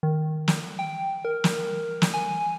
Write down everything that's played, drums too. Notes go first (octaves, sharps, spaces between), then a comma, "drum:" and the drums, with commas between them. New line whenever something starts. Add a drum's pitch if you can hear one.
D#3
drum: snare
G5
A#4
drum: snare
drum: snare
G#5